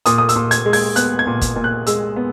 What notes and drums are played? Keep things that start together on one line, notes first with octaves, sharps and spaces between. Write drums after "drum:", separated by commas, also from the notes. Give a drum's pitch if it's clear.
A#2 D#6, drum: hi-hat
D#6
E6, drum: hi-hat
A#2
G#6, drum: hi-hat
G#3
G#6, drum: open hi-hat
B3 F#6, drum: hi-hat
G#6
A#2
drum: kick, hi-hat
A#2
F#6
G#3 E6, drum: hi-hat
B3